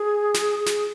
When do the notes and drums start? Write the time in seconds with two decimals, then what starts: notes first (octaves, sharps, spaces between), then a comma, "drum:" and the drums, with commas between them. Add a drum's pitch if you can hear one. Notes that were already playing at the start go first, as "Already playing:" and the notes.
Already playing: G#4
0.34 drum: snare
0.66 drum: snare